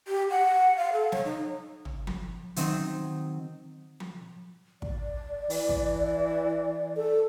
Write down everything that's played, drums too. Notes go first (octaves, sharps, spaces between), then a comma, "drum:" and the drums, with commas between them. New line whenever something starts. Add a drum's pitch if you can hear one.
G4
F#5
F5
A4
C#5, drum: snare
D#4
drum: tom
drum: tom F3
D#3 F#3 C4 D#4, drum: hi-hat
drum: tom F3
D5, drum: kick
E3, drum: open hi-hat
drum: kick
A4